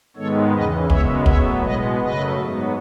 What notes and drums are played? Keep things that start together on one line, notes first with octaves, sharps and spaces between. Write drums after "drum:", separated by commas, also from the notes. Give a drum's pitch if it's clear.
G#2 D#3 G#3 B3 A4 C#5
E2 C#3 E3 B4 D#5
F#2 C#3 G#3 B3 C#5 E5, drum: kick
A2 F#3 B3 C#5 E5, drum: kick
B2 G#3 B3 B4 D#5
F#2 C#3 F#3 A3 B4 D#5
G#2 F#3 B3